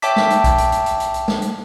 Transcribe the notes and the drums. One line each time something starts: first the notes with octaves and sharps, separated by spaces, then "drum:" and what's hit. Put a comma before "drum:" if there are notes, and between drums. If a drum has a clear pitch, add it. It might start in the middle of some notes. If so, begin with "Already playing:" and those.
C#5 E5 G5 A5 D6 B6, drum: hi-hat
drum: snare
drum: hi-hat
drum: kick B1, hi-hat
drum: hi-hat
drum: hi-hat
drum: hi-hat
drum: hi-hat
drum: hi-hat
drum: snare
drum: hi-hat